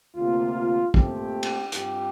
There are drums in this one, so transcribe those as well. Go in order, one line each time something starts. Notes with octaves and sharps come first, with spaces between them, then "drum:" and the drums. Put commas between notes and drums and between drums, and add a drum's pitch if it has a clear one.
D2 C3 F3 A#3 F4
A#2 A3 C4 G4, drum: kick
drum: cymbal
G2 F3 C4 G4, drum: hi-hat